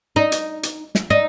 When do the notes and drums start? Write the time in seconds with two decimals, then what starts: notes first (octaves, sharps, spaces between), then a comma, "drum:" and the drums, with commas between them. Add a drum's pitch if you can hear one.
0.16 D#4
0.32 drum: hi-hat
0.63 drum: hi-hat
0.95 drum: snare
1.10 D#4